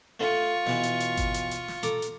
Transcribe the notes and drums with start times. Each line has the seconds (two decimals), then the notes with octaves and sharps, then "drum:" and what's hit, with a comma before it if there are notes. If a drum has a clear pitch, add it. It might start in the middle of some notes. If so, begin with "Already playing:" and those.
0.20 A3 F4 C#6
0.66 B2 E3, drum: snare
0.83 drum: hi-hat
1.00 drum: hi-hat
1.17 drum: kick G#1, hi-hat
1.34 drum: hi-hat
1.51 drum: hi-hat
1.68 drum: snare
1.83 A4 A#5 D6, drum: hi-hat
2.02 drum: hi-hat